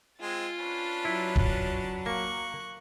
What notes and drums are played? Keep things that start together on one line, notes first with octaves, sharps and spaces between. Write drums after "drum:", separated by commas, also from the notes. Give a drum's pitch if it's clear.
G#3 C4 F4 A6
C#4 D4 B4
F#3 E4
drum: kick
A#3 C#6 F#6